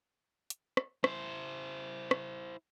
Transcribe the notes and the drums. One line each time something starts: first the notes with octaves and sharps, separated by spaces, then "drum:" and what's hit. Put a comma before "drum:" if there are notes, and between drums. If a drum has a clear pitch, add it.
drum: hi-hat
drum: rim click
E4 C5, drum: rim click
drum: rim click